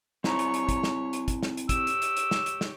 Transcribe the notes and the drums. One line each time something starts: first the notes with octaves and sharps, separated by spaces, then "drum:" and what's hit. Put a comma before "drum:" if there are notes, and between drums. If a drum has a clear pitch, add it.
C4 E4 C#5 A#5 C#6, drum: snare
drum: hi-hat
drum: hi-hat
drum: kick, hi-hat
drum: snare
drum: hi-hat
drum: kick, hi-hat
drum: snare
drum: hi-hat
G4 C#5 E6, drum: kick, hi-hat
drum: hi-hat
drum: hi-hat
drum: hi-hat
drum: snare
drum: hi-hat
drum: snare